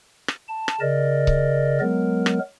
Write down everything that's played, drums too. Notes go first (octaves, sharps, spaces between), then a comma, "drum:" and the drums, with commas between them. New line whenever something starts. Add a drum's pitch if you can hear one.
drum: rim click
A5
drum: rim click
C#3 A#4 D5 D#5
drum: kick C#1
F#3 G#3 B3 A#4
drum: rim click